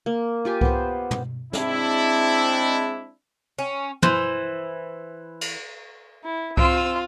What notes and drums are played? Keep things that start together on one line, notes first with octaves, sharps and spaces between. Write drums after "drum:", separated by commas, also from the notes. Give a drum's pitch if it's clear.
A#3
F4 G4 G#5
B3 C5, drum: kick C2
drum: tom
G#3 C4 D4 E4, drum: snare
C#4
E3 C5, drum: tom
drum: cymbal
E4
C4 F4 E6, drum: kick C2